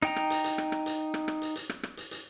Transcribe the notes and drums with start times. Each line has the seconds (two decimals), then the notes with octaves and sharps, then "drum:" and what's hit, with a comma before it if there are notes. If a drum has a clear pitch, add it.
0.02 D#4 G5 A#5, drum: rim click
0.16 drum: rim click
0.30 drum: hi-hat
0.44 drum: hi-hat
0.58 drum: rim click
0.72 drum: rim click
0.86 drum: hi-hat
1.14 drum: rim click
1.28 drum: rim click
1.42 drum: hi-hat
1.56 drum: hi-hat
1.69 drum: rim click
1.83 drum: rim click
1.97 drum: hi-hat
2.11 drum: hi-hat